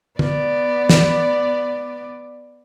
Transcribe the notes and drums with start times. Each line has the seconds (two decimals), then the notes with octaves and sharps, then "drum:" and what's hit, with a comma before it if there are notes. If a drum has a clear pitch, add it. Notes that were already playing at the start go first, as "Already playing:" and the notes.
0.19 B3 D5, drum: tom D3
0.89 drum: snare